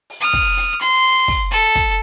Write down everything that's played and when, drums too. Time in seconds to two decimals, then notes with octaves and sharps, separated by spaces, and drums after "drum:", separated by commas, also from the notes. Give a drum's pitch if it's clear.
0.10 drum: open hi-hat
0.21 D#6 F6
0.33 drum: kick, hi-hat
0.57 drum: hi-hat
0.81 C6, drum: hi-hat
1.28 drum: kick, open hi-hat
1.51 A4, drum: open hi-hat
1.75 drum: kick, hi-hat